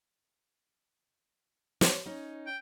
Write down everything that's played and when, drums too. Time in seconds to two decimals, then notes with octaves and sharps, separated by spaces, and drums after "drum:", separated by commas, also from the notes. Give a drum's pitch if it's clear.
1.81 C#5, drum: snare
2.06 C#4 D#4
2.46 G5